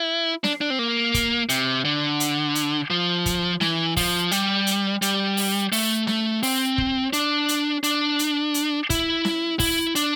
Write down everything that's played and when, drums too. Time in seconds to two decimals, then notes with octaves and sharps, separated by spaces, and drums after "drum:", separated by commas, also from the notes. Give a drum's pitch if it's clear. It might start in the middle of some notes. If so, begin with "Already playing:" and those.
Already playing: E4
0.44 D4, drum: snare
0.61 D4
0.70 C4
0.79 A#3
1.14 drum: kick, hi-hat
1.49 C3, drum: hi-hat
1.85 D3
2.20 drum: hi-hat
2.55 drum: hi-hat
2.90 F3
3.26 drum: kick, hi-hat
3.61 E3, drum: snare
3.97 F3, drum: kick, open hi-hat
4.31 G3, drum: hi-hat
4.67 drum: hi-hat
5.02 G3, drum: hi-hat
5.37 drum: open hi-hat
5.72 A3, drum: open hi-hat
6.07 A3, drum: snare
6.43 C4, drum: open hi-hat
6.78 drum: kick
7.13 D4, drum: hi-hat
7.49 drum: hi-hat
7.83 D4, drum: hi-hat
8.19 drum: hi-hat
8.54 drum: hi-hat
8.90 E4, drum: kick, hi-hat
9.25 drum: snare
9.60 E4, drum: kick, open hi-hat
9.95 D4, drum: hi-hat